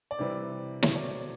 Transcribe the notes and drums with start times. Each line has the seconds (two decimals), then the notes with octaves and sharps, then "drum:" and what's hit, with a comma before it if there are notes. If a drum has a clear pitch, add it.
0.11 D5
0.19 C3 E3 G3 C4
0.82 B2 F#3 A3 C4 C#5, drum: snare
0.96 D5
1.08 C#5